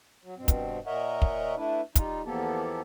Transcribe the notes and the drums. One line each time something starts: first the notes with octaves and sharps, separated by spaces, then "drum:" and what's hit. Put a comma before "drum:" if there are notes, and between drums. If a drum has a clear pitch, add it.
F#3
G2 B2 C4
drum: kick, hi-hat
A#2 A#4 C#5 D#5 E5 F#5
drum: kick
A3 D4 E4 B4
G3 D#4 F4, drum: kick, hi-hat
E2 F3 A#3 B3 G4 A4